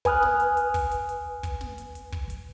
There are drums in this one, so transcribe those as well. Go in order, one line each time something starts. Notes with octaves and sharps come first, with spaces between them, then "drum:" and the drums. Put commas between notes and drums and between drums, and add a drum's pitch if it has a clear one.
B4 G#5 D#6 F6 F#6, drum: kick, hi-hat
drum: snare
drum: hi-hat
drum: hi-hat
drum: kick, open hi-hat
drum: hi-hat
drum: hi-hat
drum: kick, hi-hat
drum: snare
drum: hi-hat
drum: hi-hat
drum: kick
drum: hi-hat